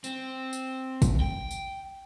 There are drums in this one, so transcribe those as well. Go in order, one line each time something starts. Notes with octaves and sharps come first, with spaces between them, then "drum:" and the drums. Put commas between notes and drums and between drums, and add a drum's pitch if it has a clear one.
C4, drum: tambourine
drum: tambourine
drum: kick, tambourine
G5
drum: tambourine